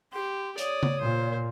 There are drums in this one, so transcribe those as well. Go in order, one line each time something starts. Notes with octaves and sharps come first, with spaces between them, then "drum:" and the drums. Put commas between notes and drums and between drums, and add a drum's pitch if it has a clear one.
G4 C6
C#5 D5 D#6, drum: hi-hat
drum: tom C#3
A#2 C5